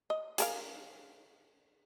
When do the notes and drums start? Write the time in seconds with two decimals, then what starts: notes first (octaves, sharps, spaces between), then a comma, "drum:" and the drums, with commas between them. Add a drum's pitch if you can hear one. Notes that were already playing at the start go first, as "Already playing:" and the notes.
0.10 D#5
0.38 G#4 A#4 F5, drum: hi-hat